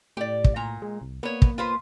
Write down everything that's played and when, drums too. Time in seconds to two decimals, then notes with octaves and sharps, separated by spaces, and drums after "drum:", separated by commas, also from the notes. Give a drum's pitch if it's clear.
0.17 A2 G4 D5
0.44 drum: kick
0.56 A#2 A#5
0.82 G#3
1.02 C2
1.23 A#3 B3 C#5
1.42 drum: kick
1.58 F4 B4 C5